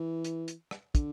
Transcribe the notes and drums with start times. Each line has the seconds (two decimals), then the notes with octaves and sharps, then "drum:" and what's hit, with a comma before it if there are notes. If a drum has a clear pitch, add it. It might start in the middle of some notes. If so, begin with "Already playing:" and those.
Already playing: E3
0.24 drum: hi-hat
0.48 drum: hi-hat
0.71 drum: rim click
0.95 D3, drum: kick, hi-hat